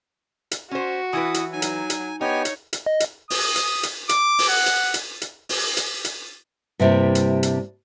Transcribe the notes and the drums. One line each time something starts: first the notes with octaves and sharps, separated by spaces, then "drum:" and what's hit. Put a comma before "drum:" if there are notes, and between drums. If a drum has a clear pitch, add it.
drum: hi-hat
C#4 F#4 C5
E3 E4 B4 D#6
drum: hi-hat
F#3 D#4 G#5
drum: hi-hat
drum: hi-hat
B3 D#4 G4 C#5 G#5
drum: hi-hat
drum: hi-hat
D#5
drum: hi-hat
D#6, drum: open hi-hat
drum: hi-hat
drum: hi-hat
D6, drum: hi-hat
drum: open hi-hat
F#5
drum: hi-hat
drum: hi-hat
drum: hi-hat
drum: open hi-hat
drum: hi-hat
drum: hi-hat
G2 C3 G3 A#3 E4
drum: hi-hat
drum: hi-hat